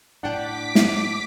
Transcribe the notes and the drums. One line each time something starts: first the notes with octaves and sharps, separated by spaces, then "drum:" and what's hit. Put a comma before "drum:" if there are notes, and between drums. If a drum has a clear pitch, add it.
A2 D4 F#5 G5 D6 B6
drum: snare